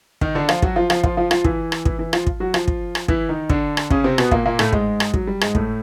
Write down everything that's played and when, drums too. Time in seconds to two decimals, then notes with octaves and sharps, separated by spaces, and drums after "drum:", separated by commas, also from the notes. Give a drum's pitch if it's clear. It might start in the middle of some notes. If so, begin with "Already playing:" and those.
0.21 D#3 D#4, drum: kick
0.35 D3 D4
0.49 F3 F4, drum: rim click
0.62 F#3 F#4, drum: kick
0.76 F3 F4
0.90 F3 F4, drum: rim click
1.04 F3 F4, drum: kick
1.17 F3 F4
1.31 F3 F4, drum: rim click
1.44 E3 E4, drum: kick
1.72 drum: rim click
1.85 E3 E4, drum: kick
1.99 E3 E4
2.13 F3 F4, drum: rim click
2.27 drum: kick
2.40 F#3 F#4
2.54 F3 F4, drum: rim click
2.68 drum: kick
2.95 drum: rim click
3.08 E3 E4, drum: kick
3.29 D#3 D#4
3.50 D3 D4, drum: kick
3.77 drum: rim click
3.90 C#3 C#4, drum: kick
4.04 C3 C4
4.18 B2 B3, drum: rim click
4.31 A#2 A#3, drum: kick
4.46 A#2 A#3
4.59 A2 A3, drum: rim click
4.73 G#2 G#3, drum: kick
5.00 drum: rim click
5.14 F#3, drum: kick
5.27 G3
5.41 G#2 G#3, drum: rim click
5.55 A2 A3, drum: kick